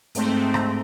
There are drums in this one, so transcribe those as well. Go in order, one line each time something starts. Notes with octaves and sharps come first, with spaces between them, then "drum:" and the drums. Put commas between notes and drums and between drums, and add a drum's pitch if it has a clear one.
G#2 A3 C4, drum: hi-hat
drum: rim click